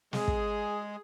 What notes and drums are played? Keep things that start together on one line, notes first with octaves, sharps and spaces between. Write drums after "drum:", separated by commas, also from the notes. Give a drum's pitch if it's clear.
G#3 G#4, drum: snare
drum: kick